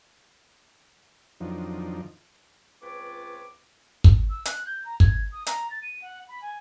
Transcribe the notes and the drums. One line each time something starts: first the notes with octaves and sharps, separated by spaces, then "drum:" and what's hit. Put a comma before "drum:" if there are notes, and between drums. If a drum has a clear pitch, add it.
F2 D#3 F3 F#3 D4 D#4
C#2 C4 F4 B4 C#5 D6
drum: kick
E6
F#6, drum: hi-hat
G6
A#5
G#6, drum: kick
D#6
A#5, drum: hi-hat
A6
D#7
F#5
B5
G#5